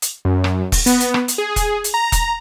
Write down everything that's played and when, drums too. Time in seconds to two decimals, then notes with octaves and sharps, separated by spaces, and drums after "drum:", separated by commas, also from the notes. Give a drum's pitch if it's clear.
0.02 drum: hi-hat
0.25 F#2
0.44 drum: rim click
0.72 drum: kick E1, open hi-hat
0.86 B3, drum: hi-hat
1.00 drum: hi-hat
1.14 drum: rim click
1.28 drum: hi-hat
1.38 G#4
1.56 drum: kick E1, hi-hat
1.84 drum: hi-hat
1.94 A#5
2.12 drum: kick E1, hi-hat